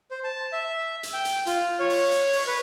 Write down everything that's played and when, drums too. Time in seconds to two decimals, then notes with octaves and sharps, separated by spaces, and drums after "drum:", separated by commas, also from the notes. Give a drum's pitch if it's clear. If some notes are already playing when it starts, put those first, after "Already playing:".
0.11 C5
0.24 A5
0.53 E5
1.03 drum: hi-hat
1.13 G5
1.25 drum: hi-hat
1.46 F4, drum: hi-hat
1.79 C#5
1.90 drum: open hi-hat
2.11 drum: hi-hat
2.33 drum: open hi-hat
2.47 B4